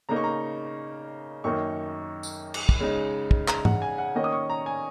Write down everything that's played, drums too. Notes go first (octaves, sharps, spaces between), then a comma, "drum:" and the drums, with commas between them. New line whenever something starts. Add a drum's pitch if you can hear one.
C#3 A#3 D#4 A#5
C#6
A#5
F#2 D#3 A#3 D#4 C#6
drum: tambourine
drum: cymbal
drum: kick
C#3 G#3 D#4
drum: kick
A#5, drum: clap
F#5, drum: tom G#2
G#5
F#5
D#3 A#3 C#4 D#5
D#6
C#6
A#5
G#5